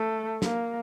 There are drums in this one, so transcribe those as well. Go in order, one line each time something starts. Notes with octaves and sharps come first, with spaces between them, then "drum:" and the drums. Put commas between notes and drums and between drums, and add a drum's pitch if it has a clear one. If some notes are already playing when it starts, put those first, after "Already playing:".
Already playing: A3
A#3, drum: snare